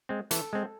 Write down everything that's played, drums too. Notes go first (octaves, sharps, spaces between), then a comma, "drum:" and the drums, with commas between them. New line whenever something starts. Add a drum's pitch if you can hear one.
G#3 C4
E3 A4, drum: hi-hat
G#3 C4